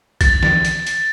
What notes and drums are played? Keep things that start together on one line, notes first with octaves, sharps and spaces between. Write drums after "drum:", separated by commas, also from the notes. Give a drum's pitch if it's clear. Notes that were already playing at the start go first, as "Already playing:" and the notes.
A6, drum: kick, hi-hat
drum: snare E3
drum: hi-hat
drum: hi-hat